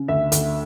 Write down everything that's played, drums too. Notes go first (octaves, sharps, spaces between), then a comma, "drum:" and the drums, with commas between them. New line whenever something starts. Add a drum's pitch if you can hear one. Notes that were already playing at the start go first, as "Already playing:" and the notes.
Already playing: C#3
D2 E5
D2, drum: hi-hat